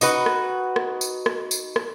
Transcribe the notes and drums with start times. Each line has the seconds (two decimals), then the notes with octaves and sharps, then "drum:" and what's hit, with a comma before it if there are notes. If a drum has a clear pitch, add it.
0.01 D#4 F#4 B4, drum: tambourine
0.26 drum: rim click
0.76 drum: rim click
1.01 drum: tambourine
1.26 drum: rim click
1.51 drum: tambourine
1.76 drum: rim click